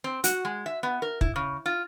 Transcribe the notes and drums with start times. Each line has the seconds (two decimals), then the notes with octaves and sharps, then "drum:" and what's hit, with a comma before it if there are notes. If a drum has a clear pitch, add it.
0.04 C4
0.24 F#4, drum: hi-hat
0.45 G#3
0.66 E5
0.83 B3
1.02 A#4
1.21 E4, drum: kick
1.36 C#3
1.66 F4